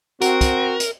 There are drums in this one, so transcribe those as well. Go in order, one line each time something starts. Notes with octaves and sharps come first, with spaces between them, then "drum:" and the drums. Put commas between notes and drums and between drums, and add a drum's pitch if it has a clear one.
C4 F#4 A#4, drum: hi-hat
drum: kick, hi-hat
drum: hi-hat